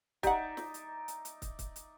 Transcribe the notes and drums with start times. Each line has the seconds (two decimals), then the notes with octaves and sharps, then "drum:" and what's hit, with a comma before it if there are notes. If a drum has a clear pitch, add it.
0.23 D#4 G4 D5 E5 F#5, drum: kick, hi-hat
0.57 drum: snare
0.74 drum: hi-hat
1.08 drum: hi-hat
1.25 drum: hi-hat
1.42 drum: kick, hi-hat
1.59 drum: kick, hi-hat
1.76 drum: hi-hat